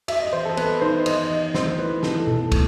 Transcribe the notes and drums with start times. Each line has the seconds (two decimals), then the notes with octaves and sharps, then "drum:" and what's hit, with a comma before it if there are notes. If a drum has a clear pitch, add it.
0.08 F#4 E5, drum: cymbal
0.20 D#5
0.33 E3 C5
0.45 A4
0.57 B3 B4, drum: cymbal
0.81 D#4 C5
1.06 E3 D#5, drum: cymbal
1.30 E3 D#5
1.54 A3 C5, drum: snare
1.79 E4 B4
2.03 E4 A4, drum: snare
2.27 B2 A4
2.52 A3, drum: kick, cymbal